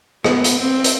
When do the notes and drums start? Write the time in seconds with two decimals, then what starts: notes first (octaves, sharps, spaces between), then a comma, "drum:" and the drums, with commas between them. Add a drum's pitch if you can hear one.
0.24 B3, drum: rim click
0.44 drum: hi-hat
0.60 C4
0.84 drum: hi-hat